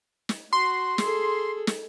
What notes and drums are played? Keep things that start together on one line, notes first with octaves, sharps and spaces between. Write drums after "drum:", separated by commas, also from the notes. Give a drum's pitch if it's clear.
drum: snare
F#4 C6
G#4 A4, drum: snare
drum: snare